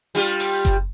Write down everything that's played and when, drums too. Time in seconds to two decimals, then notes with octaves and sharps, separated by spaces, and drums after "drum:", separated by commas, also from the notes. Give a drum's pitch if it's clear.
0.15 G3 F4 G4, drum: hi-hat
0.40 drum: open hi-hat
0.65 drum: kick F#1, hi-hat